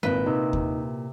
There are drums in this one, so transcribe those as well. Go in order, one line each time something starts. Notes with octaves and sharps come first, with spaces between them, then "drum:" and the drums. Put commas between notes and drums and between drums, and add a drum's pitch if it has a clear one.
G#1 A#2 E4 B4
C3 D#4
drum: kick D#2